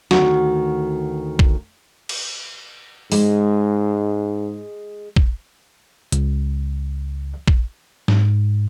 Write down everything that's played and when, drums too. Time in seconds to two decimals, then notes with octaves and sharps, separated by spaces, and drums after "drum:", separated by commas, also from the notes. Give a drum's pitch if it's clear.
0.11 D2 D#3 F#4, drum: snare
1.39 drum: kick A#1
2.09 drum: cymbal
3.12 G#2 G#3, drum: open hi-hat
5.16 drum: kick A#1
6.12 C#2, drum: hi-hat
7.48 drum: kick A#1
8.08 G#2, drum: snare